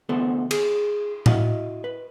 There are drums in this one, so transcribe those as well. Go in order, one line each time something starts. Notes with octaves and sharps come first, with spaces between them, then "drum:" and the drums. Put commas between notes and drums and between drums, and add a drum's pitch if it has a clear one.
D2 B3 A4 C5
G#4, drum: cymbal
E4 F#4 D#5 F5, drum: tom A2
B4